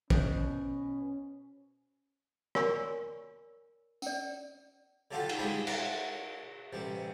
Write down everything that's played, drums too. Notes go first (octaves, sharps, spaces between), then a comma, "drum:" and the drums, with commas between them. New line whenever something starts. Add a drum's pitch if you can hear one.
B2 C#4 C5 C#5, drum: kick
A#4 C#5 D5 G#5 B5 C#6, drum: rim click
C#4 D5, drum: tambourine
D3 F#3 D4 F4 G4 A4
drum: cymbal
F3 G3 G#3 G#5 B5
F#5, drum: cymbal
A1 C3 G3